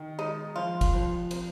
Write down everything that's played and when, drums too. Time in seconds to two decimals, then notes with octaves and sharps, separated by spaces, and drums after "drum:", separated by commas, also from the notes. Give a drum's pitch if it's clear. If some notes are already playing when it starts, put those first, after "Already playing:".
Already playing: D#3
0.18 G#3 D#4
0.56 F3 F4
0.81 drum: kick, cymbal
0.94 F3
1.31 C4, drum: cymbal